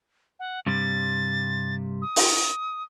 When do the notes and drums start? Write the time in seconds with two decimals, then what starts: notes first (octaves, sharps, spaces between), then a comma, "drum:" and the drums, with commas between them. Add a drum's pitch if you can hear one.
0.40 F#5
0.66 G2 C3 G3 A6
2.02 D#6
2.16 drum: open hi-hat